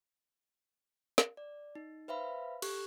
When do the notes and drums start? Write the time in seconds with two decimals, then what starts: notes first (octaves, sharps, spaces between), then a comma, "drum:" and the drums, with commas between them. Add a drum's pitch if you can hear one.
1.18 drum: snare
1.37 D5
1.75 D#4
2.08 B4 C5 E5 F5 B5
2.62 G4 A4 C#6 F#6, drum: cymbal